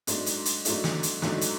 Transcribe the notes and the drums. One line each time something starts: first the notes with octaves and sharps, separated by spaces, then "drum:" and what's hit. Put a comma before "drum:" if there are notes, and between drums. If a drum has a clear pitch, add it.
G#2 F#3 A3 D4, drum: hi-hat
drum: hi-hat
drum: hi-hat
G#2 F#3 A3 D4, drum: hi-hat
drum: snare
drum: hi-hat
G#2 F#3 A3 D4, drum: snare
drum: hi-hat